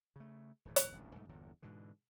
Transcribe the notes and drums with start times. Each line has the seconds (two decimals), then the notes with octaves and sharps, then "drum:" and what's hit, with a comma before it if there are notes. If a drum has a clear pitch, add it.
0.16 C#3 A3
0.65 D1 G#2 E3
0.76 drum: hi-hat
0.92 D#1 A1 D2 G2
1.15 B1 G#2 A3
1.29 G1 E2 A#2 D3
1.62 G#2 B2 D3 E3